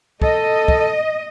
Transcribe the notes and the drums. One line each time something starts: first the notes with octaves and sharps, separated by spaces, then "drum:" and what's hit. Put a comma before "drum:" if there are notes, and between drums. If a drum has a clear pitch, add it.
A4 D#5, drum: kick
drum: kick